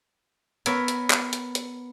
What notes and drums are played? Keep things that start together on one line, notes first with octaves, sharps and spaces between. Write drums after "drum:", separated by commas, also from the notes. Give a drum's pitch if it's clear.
B3 A#4 C#5 E5, drum: hi-hat
drum: hi-hat
drum: clap
drum: hi-hat
drum: hi-hat